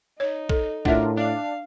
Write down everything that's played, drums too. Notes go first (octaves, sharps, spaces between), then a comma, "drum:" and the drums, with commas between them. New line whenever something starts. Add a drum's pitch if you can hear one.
D#4 C#5
A4, drum: kick A#1
A2 D4 F4 A#4 E5 F#5, drum: kick A#1
D4 F5